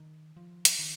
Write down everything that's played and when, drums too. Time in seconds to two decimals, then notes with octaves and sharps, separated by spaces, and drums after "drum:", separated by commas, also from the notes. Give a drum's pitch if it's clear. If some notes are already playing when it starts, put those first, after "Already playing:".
Already playing: D#3
0.37 F3
0.65 drum: hi-hat
0.79 D#3